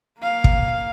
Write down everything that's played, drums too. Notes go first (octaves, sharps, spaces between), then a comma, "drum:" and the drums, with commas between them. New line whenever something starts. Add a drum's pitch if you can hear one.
A#3 F5
drum: kick